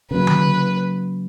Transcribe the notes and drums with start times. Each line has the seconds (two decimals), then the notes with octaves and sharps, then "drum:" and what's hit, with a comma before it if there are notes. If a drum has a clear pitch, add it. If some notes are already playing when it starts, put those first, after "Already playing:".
0.11 C#3 F#3 A#3 B4
0.27 drum: tom D3